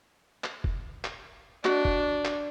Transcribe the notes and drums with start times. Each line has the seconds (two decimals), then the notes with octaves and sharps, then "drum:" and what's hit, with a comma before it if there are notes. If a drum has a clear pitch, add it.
0.44 drum: clap
0.64 drum: kick
1.04 drum: clap
1.65 D4 F#4 D#5, drum: clap
1.85 drum: kick
2.25 drum: clap